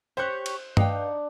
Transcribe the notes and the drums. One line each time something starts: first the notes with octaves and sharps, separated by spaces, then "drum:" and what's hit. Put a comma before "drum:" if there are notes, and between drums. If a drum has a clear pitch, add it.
G4 C5 C#5 C#6 F#6
drum: cymbal
D4 D#4 B4 D5 F5 G5, drum: tom G2